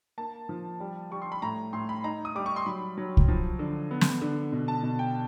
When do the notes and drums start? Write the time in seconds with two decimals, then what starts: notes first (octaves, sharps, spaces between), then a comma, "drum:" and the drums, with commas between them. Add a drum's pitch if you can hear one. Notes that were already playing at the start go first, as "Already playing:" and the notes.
0.18 A#3 A5
0.49 F3
0.80 G3
1.11 G3 C#6
1.22 C6
1.32 B5
1.42 A2 A#5
1.73 A2 C6
1.89 B5
2.04 D#4 A#5
2.25 D#6
2.35 G3 D6
2.46 C#6
2.56 C6
2.66 F#3 B5
2.98 F#3
3.17 drum: kick C2
3.28 F3
3.59 D3
3.91 B3
4.01 drum: snare
4.21 D3
4.52 B2
4.68 A5
4.83 B2
4.99 G5